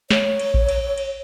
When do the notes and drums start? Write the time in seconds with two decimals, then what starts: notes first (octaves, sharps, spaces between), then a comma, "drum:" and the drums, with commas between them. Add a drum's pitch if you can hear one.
0.10 C#5, drum: snare
0.40 drum: cymbal
0.54 drum: kick A1
0.69 drum: cymbal
0.98 drum: cymbal